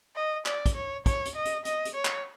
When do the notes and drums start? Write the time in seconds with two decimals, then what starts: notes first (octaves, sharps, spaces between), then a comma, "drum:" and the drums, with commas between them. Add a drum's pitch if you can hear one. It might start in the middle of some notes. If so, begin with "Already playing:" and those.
0.16 D#5
0.46 D5, drum: clap
0.66 drum: kick, hi-hat
0.75 C#5
1.06 C#5, drum: kick, hi-hat
1.25 drum: hi-hat
1.36 D#5
1.45 drum: hi-hat
1.65 D#5, drum: hi-hat
1.85 drum: hi-hat
1.95 C#5
2.05 drum: clap